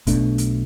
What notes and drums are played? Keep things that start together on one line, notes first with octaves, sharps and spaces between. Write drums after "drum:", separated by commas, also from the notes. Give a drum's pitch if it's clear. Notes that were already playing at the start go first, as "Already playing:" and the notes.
B1 B2 A3 D4, drum: kick, hi-hat
drum: hi-hat